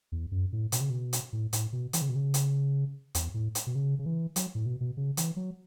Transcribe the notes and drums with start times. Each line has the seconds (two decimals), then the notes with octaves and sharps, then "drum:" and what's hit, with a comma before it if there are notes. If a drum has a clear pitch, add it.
0.12 E2
0.31 F#2
0.52 A2
0.72 B2, drum: hi-hat
0.81 C#3
0.90 B2
1.13 drum: hi-hat
1.33 A2
1.53 A2, drum: hi-hat
1.73 B2
1.93 E3, drum: hi-hat
2.02 C#3
2.09 B2
2.16 C#3
2.34 drum: hi-hat
3.15 E2, drum: hi-hat
3.34 A2
3.55 drum: hi-hat
3.67 B2
3.75 C#3
3.99 C#3
4.05 E3
4.36 F#3, drum: hi-hat
4.55 A2
4.66 B2
4.81 B2
4.97 C#3
5.17 E3, drum: hi-hat
5.36 F#3